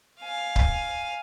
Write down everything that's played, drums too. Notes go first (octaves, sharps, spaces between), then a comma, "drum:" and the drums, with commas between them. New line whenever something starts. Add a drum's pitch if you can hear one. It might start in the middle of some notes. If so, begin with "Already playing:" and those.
F5 G#5
drum: kick C#1